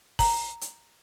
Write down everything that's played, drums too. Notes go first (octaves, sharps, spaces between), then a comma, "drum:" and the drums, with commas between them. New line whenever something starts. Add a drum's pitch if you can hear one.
A#5, drum: kick, open hi-hat
drum: hi-hat